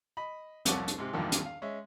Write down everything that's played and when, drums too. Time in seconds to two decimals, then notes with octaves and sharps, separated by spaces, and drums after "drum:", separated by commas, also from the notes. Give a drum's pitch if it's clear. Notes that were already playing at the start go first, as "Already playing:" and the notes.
0.17 D#5 B5
0.65 C2 F2 C#5 F#5 C#6 D6, drum: hi-hat
0.88 drum: hi-hat
0.98 G#2 C3
1.13 E2 G2 A#2 D3 D#3 F3
1.32 drum: hi-hat
1.45 F5
1.62 G#3 C#4 E5